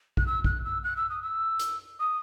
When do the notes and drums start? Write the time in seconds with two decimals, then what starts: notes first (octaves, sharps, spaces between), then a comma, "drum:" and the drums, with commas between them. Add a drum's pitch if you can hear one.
0.17 F#6, drum: kick
0.26 E6
0.44 F#6, drum: kick
0.64 E6
0.83 F#6
0.96 E6
1.09 D#6
1.22 E6
1.60 drum: hi-hat
1.99 D#6